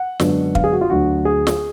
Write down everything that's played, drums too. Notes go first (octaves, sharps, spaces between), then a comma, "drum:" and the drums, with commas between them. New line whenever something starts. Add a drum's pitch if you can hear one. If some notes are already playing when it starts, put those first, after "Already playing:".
Already playing: F#5
F#2 D3 G#3 B3 D4, drum: snare
F5, drum: kick
G#4
F#4
F4
D2 D3 F#3 D4 F#4
G#4
drum: snare